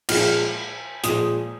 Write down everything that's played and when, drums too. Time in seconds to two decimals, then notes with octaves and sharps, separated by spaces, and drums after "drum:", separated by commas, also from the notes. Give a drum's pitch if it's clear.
0.09 A#2 F3 G#3 F6, drum: cymbal
1.03 A#2 F3 G#3 D#6, drum: hi-hat